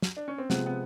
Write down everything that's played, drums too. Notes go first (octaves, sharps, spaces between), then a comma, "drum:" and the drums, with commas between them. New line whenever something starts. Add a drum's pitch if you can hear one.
drum: snare
D4
C#4
C4
C3 F3 G#3 B3 C4, drum: snare
B3